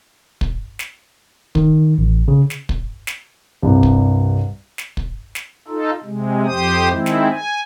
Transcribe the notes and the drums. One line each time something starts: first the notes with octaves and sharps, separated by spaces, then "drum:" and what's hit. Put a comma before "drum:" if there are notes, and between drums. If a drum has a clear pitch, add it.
drum: kick
drum: snare
D#3, drum: kick
A1
C#3
drum: snare
drum: kick
drum: snare
C2 G2
drum: kick
drum: snare
drum: kick
drum: snare
D#4 F4 A4
C3 G#3
F2 G4 C5 D#6
D#3 G#3 C4 E4
drum: snare
G#5